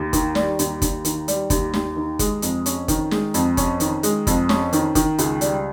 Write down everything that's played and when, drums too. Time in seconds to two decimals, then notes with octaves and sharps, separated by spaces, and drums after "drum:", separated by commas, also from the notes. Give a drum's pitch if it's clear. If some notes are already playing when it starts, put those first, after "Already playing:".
Already playing: D#2
0.13 D#3, drum: kick, hi-hat
0.35 G3, drum: snare
0.59 D#2, drum: hi-hat
0.82 D#2, drum: kick, hi-hat
1.05 D#3, drum: hi-hat
1.28 G3, drum: hi-hat
1.50 D#2, drum: kick, hi-hat
1.74 D#2, drum: snare
1.96 D#3
2.19 G#3, drum: kick, hi-hat
2.42 F2, drum: hi-hat
2.66 C#4, drum: hi-hat
2.88 D#3, drum: kick, hi-hat
3.11 G#3, drum: snare
3.34 F2, drum: hi-hat
3.57 C#4, drum: kick, hi-hat
3.80 D#3, drum: hi-hat
4.03 G#3, drum: hi-hat
4.27 F2, drum: kick, hi-hat
4.49 C#4, drum: snare
4.73 D#3, drum: hi-hat
4.95 D#3, drum: kick, hi-hat
5.18 C#2, drum: hi-hat
5.41 G3, drum: hi-hat